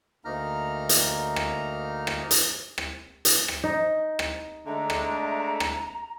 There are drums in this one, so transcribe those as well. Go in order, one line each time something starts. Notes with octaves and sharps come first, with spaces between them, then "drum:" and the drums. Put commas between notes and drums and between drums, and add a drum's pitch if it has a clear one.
D2 A#3 D#4 A#5 F6
drum: hi-hat
drum: rim click
drum: rim click
drum: hi-hat
drum: rim click
drum: hi-hat
drum: rim click
D#4
drum: rim click
D3 G#3 A3 A#5
drum: rim click
drum: rim click